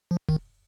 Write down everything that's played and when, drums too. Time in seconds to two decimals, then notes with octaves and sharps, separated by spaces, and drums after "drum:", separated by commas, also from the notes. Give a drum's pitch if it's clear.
0.11 F3
0.29 D#3, drum: kick